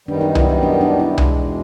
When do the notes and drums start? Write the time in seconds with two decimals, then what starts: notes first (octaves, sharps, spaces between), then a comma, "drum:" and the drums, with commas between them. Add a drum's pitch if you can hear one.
0.08 F#2 D#3 G3 B3 D4
0.21 D#4
0.35 E4, drum: tom C2
0.49 D#4
0.63 D4
0.81 D4
1.00 E4
1.18 E2 B2 G#3, drum: tom C2